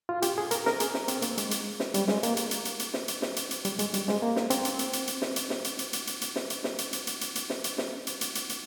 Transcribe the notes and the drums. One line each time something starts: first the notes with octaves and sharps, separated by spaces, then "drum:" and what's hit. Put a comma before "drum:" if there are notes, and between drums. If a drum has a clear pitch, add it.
F4
G4, drum: hi-hat
G#4
A#4, drum: hi-hat
A#4, drum: snare
G#4, drum: hi-hat
drum: snare
C4, drum: hi-hat
A#3, drum: hi-hat
G#3, drum: hi-hat
drum: hi-hat
drum: snare
G3, drum: hi-hat
G#3, drum: snare
A#3, drum: hi-hat
drum: hi-hat
drum: hi-hat
drum: hi-hat
drum: hi-hat
drum: snare
drum: hi-hat
drum: snare
drum: hi-hat
drum: hi-hat
G3, drum: hi-hat
G#3, drum: hi-hat
G3, drum: hi-hat
G#3, drum: snare
A#3
drum: snare
C4, drum: hi-hat
drum: hi-hat
drum: hi-hat
drum: hi-hat
drum: hi-hat
drum: snare
drum: hi-hat
drum: snare
drum: hi-hat
drum: hi-hat
drum: hi-hat
drum: hi-hat
drum: hi-hat
drum: snare
drum: hi-hat
drum: snare
drum: hi-hat
drum: hi-hat
drum: hi-hat
drum: hi-hat
drum: hi-hat
drum: snare
drum: hi-hat
drum: snare
drum: hi-hat
drum: hi-hat
drum: hi-hat
drum: hi-hat